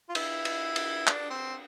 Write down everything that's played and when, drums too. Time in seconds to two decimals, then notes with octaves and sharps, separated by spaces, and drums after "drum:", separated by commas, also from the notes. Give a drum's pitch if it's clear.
0.09 F4
0.15 E4, drum: cymbal
0.45 drum: cymbal
0.76 drum: cymbal
1.07 D4, drum: clap
1.30 C4